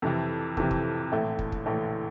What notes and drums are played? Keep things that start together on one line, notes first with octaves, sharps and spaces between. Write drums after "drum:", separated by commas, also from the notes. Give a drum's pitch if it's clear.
F2 C3 E3
F2 C3 E3, drum: kick
drum: kick
A#1 A2 E3 A3
drum: kick
drum: kick
A#1 A2 E3 A3